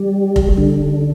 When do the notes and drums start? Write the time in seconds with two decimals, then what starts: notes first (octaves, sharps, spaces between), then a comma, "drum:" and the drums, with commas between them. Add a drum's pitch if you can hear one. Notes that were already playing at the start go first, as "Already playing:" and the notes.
Already playing: G3
0.36 drum: kick F1
0.58 D3